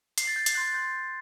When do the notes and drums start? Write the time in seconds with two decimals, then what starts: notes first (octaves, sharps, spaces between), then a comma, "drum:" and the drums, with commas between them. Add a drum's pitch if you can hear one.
0.18 C7, drum: hi-hat
0.27 A6
0.36 G6
0.46 C7, drum: hi-hat
0.55 C6 F#6 A6
0.74 G6